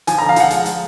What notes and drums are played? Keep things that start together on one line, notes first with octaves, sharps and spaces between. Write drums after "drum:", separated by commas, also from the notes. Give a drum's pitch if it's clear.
F3 G#5, drum: hi-hat
D3 A#5
F5
F3 F#5, drum: hi-hat
G#3, drum: hi-hat
G#3, drum: hi-hat